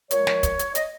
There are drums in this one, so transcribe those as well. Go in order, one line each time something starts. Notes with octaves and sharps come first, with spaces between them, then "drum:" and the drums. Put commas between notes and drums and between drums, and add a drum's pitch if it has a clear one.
A#2 F3 G#3 C#5, drum: hi-hat
drum: snare
drum: kick, hi-hat
drum: hi-hat
D#5, drum: hi-hat